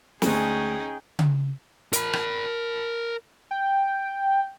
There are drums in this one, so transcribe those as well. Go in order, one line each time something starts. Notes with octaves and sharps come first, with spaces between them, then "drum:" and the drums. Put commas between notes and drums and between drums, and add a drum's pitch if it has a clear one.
D2 G#3 C#4 D#4 G#4 G5, drum: snare
drum: tom C#3
A#4 B5, drum: hi-hat
drum: rim click
G5